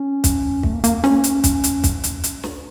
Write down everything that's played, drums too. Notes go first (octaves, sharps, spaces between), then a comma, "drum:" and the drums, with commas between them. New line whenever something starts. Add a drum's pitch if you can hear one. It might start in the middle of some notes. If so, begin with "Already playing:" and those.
Already playing: C#4
drum: kick, hi-hat
A3, drum: kick
A#3
A#3, drum: hi-hat
C#4, drum: snare
drum: hi-hat
drum: kick, hi-hat
drum: hi-hat
drum: kick, hi-hat
drum: hi-hat
drum: hi-hat
drum: snare